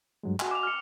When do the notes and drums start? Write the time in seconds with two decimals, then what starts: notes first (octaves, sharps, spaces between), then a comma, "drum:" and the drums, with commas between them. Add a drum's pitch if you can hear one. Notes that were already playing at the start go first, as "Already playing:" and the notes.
0.23 G2 F#3 G#3
0.40 F#4 G#5, drum: clap
0.51 D6 F7
0.63 F6 C#7